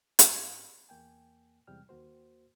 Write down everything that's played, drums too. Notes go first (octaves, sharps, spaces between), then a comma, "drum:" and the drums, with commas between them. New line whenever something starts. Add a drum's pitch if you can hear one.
G#2, drum: hi-hat
E2 A#3 G5 G#5
E2 C3 G3 G#3 G5 F6
D#2 A#3 F#4 C5